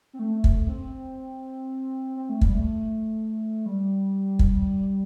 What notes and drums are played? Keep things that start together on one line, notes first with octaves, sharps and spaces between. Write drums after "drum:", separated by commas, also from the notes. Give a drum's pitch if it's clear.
C4
A3
drum: kick
C4
C4
A3
G3, drum: kick
A3
G3
drum: kick